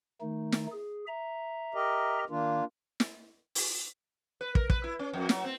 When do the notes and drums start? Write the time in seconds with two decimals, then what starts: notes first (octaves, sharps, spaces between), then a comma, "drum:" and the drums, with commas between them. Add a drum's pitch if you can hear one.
0.21 D#3 A3 D#4
0.52 drum: snare
0.72 G#4
1.07 E5 A#5
1.74 G4 A#4 D#5
2.29 D#3 A#3 D4 F4
3.00 drum: snare
3.55 drum: open hi-hat
4.41 B4
4.55 A#4, drum: kick
4.70 B4, drum: kick
4.84 E4
4.99 C#4
5.13 F2
5.29 F#3, drum: snare
5.45 C4